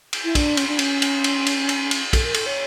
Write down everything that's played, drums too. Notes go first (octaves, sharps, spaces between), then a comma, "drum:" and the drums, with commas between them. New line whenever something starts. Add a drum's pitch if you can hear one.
drum: cymbal
E4
D4, drum: kick, cymbal
C#4, drum: cymbal
D4
C#4, drum: cymbal
drum: cymbal
drum: cymbal
drum: cymbal
drum: cymbal
drum: cymbal
A4, drum: kick, cymbal
A#4
A4, drum: cymbal
C#5